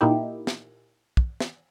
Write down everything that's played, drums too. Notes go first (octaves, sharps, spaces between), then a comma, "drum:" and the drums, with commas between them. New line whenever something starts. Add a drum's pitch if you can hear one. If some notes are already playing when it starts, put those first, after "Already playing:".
A#2 A#3 D#4 E4 G4
drum: snare
drum: kick
drum: snare